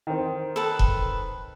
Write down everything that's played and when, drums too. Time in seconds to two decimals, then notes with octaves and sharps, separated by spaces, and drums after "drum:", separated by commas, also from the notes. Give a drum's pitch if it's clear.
0.07 D#3 C4
0.56 A4 B4
0.79 drum: kick E1